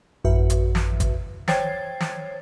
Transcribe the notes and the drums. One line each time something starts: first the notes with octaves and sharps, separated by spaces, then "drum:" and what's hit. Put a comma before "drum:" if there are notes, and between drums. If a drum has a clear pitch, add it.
A1 F#2 F#4 B4 E5
drum: hi-hat
drum: snare
drum: kick, hi-hat
C5 C#5 G5 G#6 A6 C7, drum: snare
drum: snare